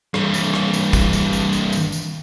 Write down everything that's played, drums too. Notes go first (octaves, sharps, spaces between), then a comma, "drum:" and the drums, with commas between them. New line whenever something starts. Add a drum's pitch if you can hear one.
G2 E3, drum: rim click
drum: tambourine
drum: rim click
drum: tambourine
drum: kick, tambourine
drum: tambourine
drum: tambourine
drum: tambourine
drum: tambourine
drum: tambourine